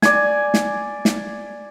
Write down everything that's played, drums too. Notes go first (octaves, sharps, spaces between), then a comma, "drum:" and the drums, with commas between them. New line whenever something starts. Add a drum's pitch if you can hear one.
D5 G#5, drum: snare
drum: snare
drum: snare